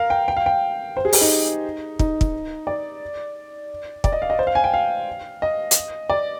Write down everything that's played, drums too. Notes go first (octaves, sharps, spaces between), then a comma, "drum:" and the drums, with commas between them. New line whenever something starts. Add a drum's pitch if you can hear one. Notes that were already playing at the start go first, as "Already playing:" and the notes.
Already playing: A#4 F5
G5
G5
F5
G5
C5
G#4
G4, drum: open hi-hat
D#4
D#4, drum: kick
drum: kick
D5
D5, drum: kick
D#5
F5
D#5
C5
F5
G#5
G5
F5
D#5
drum: hi-hat
D5